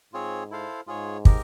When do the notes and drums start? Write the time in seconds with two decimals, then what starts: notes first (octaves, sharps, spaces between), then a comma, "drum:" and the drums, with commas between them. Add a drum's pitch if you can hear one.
0.13 G#2 C4 F4 G#4 C#5
0.51 E4 A4 C5 F5
0.87 G#2 F4 G#4 C#5
1.25 G4 A#4 D#5, drum: kick